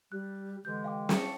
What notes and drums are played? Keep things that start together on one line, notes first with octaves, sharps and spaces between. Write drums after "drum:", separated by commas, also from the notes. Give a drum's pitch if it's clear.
G3 F#6
D3 E3 G#3 G4 G6
F5 G5 D6
A5 C#6, drum: snare